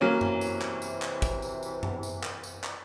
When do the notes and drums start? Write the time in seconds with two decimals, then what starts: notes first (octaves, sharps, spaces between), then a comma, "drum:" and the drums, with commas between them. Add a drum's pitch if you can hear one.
0.01 C3 E3 F#3 A#3 C#4
0.21 drum: tom F#2
0.41 drum: tambourine
0.62 drum: clap
0.82 drum: tambourine
1.02 drum: clap
1.22 drum: kick, tambourine
1.42 drum: tambourine
1.63 drum: tambourine
1.83 drum: tom F#2
2.03 drum: tambourine
2.23 drum: clap
2.43 drum: tambourine
2.64 drum: clap